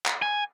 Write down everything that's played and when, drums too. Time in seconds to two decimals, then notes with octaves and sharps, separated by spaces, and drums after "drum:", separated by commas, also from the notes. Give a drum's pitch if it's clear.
0.06 drum: clap
0.22 G#5